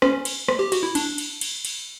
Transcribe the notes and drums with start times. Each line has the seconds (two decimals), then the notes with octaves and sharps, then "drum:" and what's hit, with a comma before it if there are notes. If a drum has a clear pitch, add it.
0.02 C#4, drum: rim click
0.25 drum: cymbal
0.48 drum: rim click
0.59 G4
0.72 F#4, drum: cymbal
0.83 E4
0.95 D4, drum: cymbal
1.18 drum: cymbal
1.41 drum: cymbal
1.65 drum: cymbal